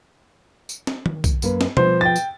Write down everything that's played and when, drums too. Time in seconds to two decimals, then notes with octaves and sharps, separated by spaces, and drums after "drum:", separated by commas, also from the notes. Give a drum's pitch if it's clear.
0.69 drum: tambourine
0.87 drum: snare
1.06 drum: tom D#3
1.24 drum: kick, tambourine
1.42 F#2 A#3 B4, drum: tambourine
1.61 drum: snare
1.77 F3 B3 C5, drum: tom B2
2.01 G5 A6
2.16 drum: tambourine